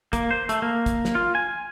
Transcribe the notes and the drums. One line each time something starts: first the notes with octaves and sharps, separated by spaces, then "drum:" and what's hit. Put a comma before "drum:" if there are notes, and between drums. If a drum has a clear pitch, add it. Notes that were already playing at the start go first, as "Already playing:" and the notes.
A#3, drum: kick, hi-hat
C5
A3, drum: hi-hat
A#3
drum: kick, hi-hat
drum: snare
F4
G#5